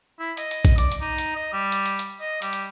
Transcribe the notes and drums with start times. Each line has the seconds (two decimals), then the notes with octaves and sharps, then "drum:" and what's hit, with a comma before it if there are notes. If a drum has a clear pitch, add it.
0.19 E4
0.37 D#5, drum: hi-hat
0.51 drum: hi-hat
0.65 drum: kick, hi-hat
0.78 D5, drum: hi-hat
0.92 drum: hi-hat
1.01 D#4
1.18 drum: hi-hat
1.36 D#5
1.53 G3
1.72 drum: hi-hat
1.86 drum: hi-hat
1.99 drum: hi-hat
2.21 D#5
2.42 G3, drum: hi-hat
2.53 drum: hi-hat